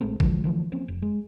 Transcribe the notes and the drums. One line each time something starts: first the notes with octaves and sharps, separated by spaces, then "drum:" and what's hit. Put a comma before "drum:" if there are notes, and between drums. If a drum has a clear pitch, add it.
A1 G#3 A3 C4
D3 E3 F3 G#3, drum: kick
D3 E3 F3 A3
F3 A#3 C4 C#4
F1
G#3